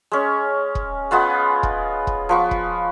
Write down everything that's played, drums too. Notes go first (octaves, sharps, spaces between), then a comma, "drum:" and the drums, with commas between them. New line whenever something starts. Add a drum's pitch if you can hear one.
G#3 C#4
drum: kick
G#3 B3 F4 F#5
drum: kick
drum: kick
F3 B3 C#6
drum: kick